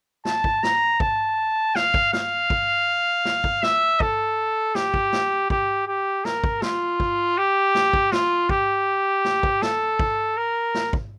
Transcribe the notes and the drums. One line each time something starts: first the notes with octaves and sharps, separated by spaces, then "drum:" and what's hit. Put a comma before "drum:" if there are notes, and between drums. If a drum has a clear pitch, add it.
A5, drum: snare
drum: kick
A#5, drum: snare
A5, drum: kick
F5, drum: snare
drum: kick
F5, drum: snare
drum: kick
drum: snare
drum: kick
E5, drum: snare
A4, drum: kick
G4, drum: snare
drum: kick
drum: snare
G4, drum: kick
G4
A#4, drum: snare
drum: kick
F4, drum: snare
drum: kick
G4
drum: snare
drum: kick
F4, drum: snare
G4, drum: kick
drum: snare
drum: kick
A4, drum: snare
drum: kick
A#4
drum: snare
drum: kick